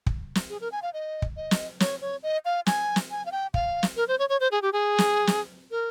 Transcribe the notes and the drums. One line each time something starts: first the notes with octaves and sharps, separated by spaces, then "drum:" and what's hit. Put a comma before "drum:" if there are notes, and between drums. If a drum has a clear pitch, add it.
drum: kick
drum: snare
G#4
A#4
G#5
F5
D#5
drum: kick
D#5
drum: snare
C#5, drum: snare
C#5
D#5
F5
G#5, drum: snare
drum: snare
G#5
F5
G5
F5, drum: kick
drum: snare
A#4
C5
C#5
C#5
C5
G#4
G4
G#4
drum: snare
drum: snare
A#4